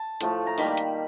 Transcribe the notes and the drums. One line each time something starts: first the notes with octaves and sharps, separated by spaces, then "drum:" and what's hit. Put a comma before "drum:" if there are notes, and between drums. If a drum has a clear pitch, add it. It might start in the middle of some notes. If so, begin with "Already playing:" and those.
Already playing: A5
A2 F3 A3, drum: hi-hat
A#5
D#3 G3 A#3 B5, drum: open hi-hat
drum: hi-hat